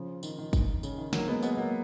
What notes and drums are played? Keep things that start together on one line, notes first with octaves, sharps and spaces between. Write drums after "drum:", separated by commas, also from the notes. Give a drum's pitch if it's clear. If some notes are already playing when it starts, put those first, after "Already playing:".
Already playing: C#3 F3
D#3, drum: tambourine
D#3
drum: kick, tambourine
C#3, drum: tambourine
D#3
F#3 A#3, drum: snare
G#3 B3
G#3 B3, drum: tambourine
F#3 A#3